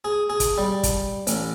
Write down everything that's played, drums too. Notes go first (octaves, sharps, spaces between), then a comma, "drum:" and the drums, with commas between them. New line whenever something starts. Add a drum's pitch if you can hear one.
G#4
G#4
drum: kick, hi-hat
G3
drum: kick, hi-hat
A1, drum: hi-hat